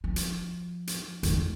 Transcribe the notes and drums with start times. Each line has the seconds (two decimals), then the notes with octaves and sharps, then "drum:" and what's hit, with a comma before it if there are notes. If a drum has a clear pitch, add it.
0.04 F3
0.16 drum: hi-hat
0.87 drum: hi-hat
1.23 E2 G#3, drum: hi-hat